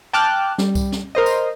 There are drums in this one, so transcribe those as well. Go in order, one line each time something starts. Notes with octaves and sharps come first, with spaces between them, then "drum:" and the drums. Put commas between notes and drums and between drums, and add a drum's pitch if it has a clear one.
G5 A5 D6 F6 F#6
G3, drum: snare
drum: kick C2, tambourine
drum: snare
A#4 C5 D#5
drum: tambourine